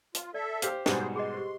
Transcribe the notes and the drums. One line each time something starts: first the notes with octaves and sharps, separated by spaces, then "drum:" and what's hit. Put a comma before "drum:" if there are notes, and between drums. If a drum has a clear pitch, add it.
F4, drum: hi-hat
A4 D5 E5
G4 C5 F5, drum: hi-hat
G#2 B2 G3 G#4 B4 C5, drum: snare
G#4 D#5 C6
G4 C5